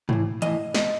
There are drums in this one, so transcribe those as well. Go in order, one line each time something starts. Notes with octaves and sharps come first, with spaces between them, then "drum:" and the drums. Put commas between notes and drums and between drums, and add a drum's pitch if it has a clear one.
A2 E3, drum: tom G#2
A2 E3 D#5, drum: hi-hat
B2 D#5, drum: snare